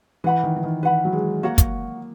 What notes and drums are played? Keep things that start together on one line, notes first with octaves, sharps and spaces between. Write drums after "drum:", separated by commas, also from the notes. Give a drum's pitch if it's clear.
E3 B4 F#5 B5
D#3
E3
D#3
E3 B4 F#5 B5
F#3
G#3
A#3 F#4 C#5 F#5 A#5
drum: kick, hi-hat